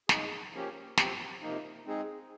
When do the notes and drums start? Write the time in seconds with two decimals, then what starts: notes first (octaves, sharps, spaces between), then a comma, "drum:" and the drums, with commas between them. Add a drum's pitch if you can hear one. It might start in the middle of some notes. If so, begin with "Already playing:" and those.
0.09 C#3 G#3 D#4 G#4, drum: snare
0.53 F3 A#3 C#4 G4
0.97 F3 C4 G4, drum: snare
1.42 C3 F3 A#3 D#4
1.86 G#3 C4 D#4 G#4